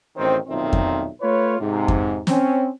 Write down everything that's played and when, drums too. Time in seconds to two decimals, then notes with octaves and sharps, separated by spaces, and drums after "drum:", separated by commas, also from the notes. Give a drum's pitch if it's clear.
0.17 A1 D#3 C4 D#4 C5
0.48 B1 F2 A#2 D#3 C4 E5
0.73 drum: kick F2
1.21 A3 F4 B4 C#5
1.60 G#2 C3
1.88 drum: kick F2
2.27 C4 C#4, drum: snare